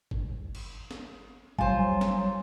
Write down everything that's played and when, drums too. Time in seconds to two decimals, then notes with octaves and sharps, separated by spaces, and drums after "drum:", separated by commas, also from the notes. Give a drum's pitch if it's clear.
0.11 drum: kick G1
0.55 drum: cymbal
0.91 drum: snare
1.59 F#3 G3 F4 C5 G#5, drum: kick G1
2.01 drum: snare